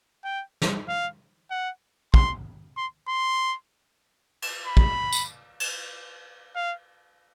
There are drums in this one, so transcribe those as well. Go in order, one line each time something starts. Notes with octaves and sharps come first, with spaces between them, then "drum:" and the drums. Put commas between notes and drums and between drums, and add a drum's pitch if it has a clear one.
G5
drum: snare
F5
F#5
C6, drum: kick
C6
C6
drum: cymbal
B5
drum: kick
drum: tambourine
drum: cymbal
F5